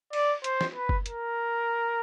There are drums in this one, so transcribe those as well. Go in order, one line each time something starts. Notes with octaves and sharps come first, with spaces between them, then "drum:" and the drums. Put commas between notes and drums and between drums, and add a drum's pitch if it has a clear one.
D5, drum: cymbal
C5, drum: hi-hat
drum: snare
B4
drum: kick F#1
A#4, drum: hi-hat